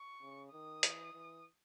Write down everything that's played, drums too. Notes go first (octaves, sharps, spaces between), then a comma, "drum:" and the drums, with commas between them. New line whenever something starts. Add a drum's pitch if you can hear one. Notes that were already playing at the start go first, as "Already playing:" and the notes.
Already playing: C#6
C#3
D#3 D#6
E3, drum: hi-hat
E3